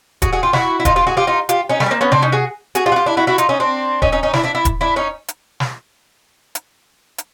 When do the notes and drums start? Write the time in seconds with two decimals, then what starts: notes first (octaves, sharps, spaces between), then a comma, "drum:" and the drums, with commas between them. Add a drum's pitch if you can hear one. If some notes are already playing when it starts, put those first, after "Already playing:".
0.22 F#4 G#4, drum: kick D#1, hi-hat
0.33 F#4 G#4
0.43 F4 G4
0.53 E4 F#4, drum: snare
0.80 E4
0.85 D#4 F4, drum: kick D#1, hi-hat
0.96 F4 G4
1.07 F#4 G#4
1.17 F4 G4
1.27 D#4 F4
1.49 F4 G4, drum: hi-hat
1.69 C#4 D#4
1.80 G3 A3, drum: snare
1.86 C#4
1.91 A#3 C4
2.01 B3 C#4
2.12 C4 D4, drum: tom C3
2.22 C#4 D#4
2.32 F#4 G#4
2.75 F#4 G#4, drum: hi-hat
2.86 F4 G4
2.92 F#4
2.96 F4 G4
3.06 D4 E4
3.17 E4 F#4
3.27 E4 F#4
3.38 D#4 F4, drum: hi-hat
3.49 C#4 D#4
3.60 C4 D4
4.02 C#4 D#4, drum: kick D#1
4.12 C#4 D#4
4.23 C#4 D#4
4.33 D4 E4, drum: snare
4.44 D4 E4
4.55 D4 E4
4.65 drum: kick D#1, hi-hat
4.81 D4 E4
4.96 C#4 D#4
5.28 drum: hi-hat
5.60 drum: snare
6.55 drum: hi-hat
7.18 drum: hi-hat